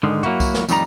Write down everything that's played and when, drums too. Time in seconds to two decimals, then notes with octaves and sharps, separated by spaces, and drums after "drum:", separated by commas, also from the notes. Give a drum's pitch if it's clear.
0.03 G#2 D3 D#3 G#3
0.23 F#3 A#3 E4 F#4, drum: tom
0.40 drum: kick C2, tambourine
0.54 drum: snare
0.69 F2 A2 D#3 G3 D#4 A#5, drum: tambourine